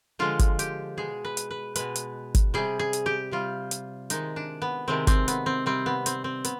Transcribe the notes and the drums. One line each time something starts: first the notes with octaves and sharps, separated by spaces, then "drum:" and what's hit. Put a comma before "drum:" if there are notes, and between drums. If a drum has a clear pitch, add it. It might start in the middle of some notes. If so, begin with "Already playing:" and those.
D3 F3 G#3 F4
drum: kick G1, hi-hat
G4, drum: hi-hat
B2 G#3 G#4
B4
drum: hi-hat
B4
B2 G#3 B4, drum: hi-hat
drum: hi-hat
drum: kick G1, hi-hat
C3 G3 G#4
G#4
drum: hi-hat
G4
C3 G3 F4
drum: hi-hat
C3 D#3 G#3 D#4, drum: hi-hat
D4
B3
C3 D#3 G#3 C4
C4, drum: kick G1, hi-hat
B3, drum: hi-hat
C4
C3 G3 C4
B3
C4, drum: hi-hat
C4
B3, drum: hi-hat